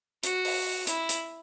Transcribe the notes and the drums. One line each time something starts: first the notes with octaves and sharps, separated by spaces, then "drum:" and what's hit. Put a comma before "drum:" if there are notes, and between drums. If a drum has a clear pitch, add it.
F#4, drum: hi-hat
drum: open hi-hat
E4, drum: hi-hat
drum: hi-hat